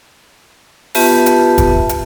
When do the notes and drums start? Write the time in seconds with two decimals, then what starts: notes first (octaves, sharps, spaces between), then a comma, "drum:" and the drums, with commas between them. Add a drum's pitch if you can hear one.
0.95 B3 F4 G4 B4 E5 A5, drum: open hi-hat
1.26 drum: hi-hat
1.58 drum: kick F1, hi-hat
1.89 drum: hi-hat